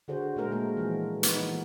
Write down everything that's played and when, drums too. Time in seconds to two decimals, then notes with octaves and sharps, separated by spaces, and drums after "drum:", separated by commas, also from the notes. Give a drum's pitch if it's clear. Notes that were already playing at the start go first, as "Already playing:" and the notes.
0.08 D3 F#4 G#4 C5
0.36 A#2 G#3 A3 A#4 C5
0.51 A#3 G#4 A#4
0.77 B2 E3 F3
1.23 B3 D#4 B4, drum: hi-hat
1.43 E3